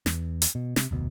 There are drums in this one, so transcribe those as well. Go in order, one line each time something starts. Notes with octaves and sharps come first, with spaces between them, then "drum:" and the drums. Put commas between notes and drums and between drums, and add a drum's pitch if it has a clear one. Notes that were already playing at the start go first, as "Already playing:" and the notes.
E2, drum: snare
drum: hi-hat
B2
C3, drum: snare
F1 D2 B2